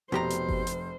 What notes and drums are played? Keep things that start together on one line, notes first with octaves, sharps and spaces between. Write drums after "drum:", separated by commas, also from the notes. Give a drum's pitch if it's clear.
F1 B2 G4 C5 A#5
drum: hi-hat
drum: kick G1
drum: hi-hat